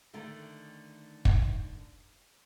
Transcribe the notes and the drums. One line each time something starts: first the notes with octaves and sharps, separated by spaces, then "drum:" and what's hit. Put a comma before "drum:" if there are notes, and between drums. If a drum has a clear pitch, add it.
D3 D#3 A3
drum: kick